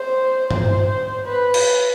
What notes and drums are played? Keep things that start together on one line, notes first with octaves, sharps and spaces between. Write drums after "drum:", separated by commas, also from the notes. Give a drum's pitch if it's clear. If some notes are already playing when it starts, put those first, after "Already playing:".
Already playing: C5
C5, drum: tom G2
B4
drum: cymbal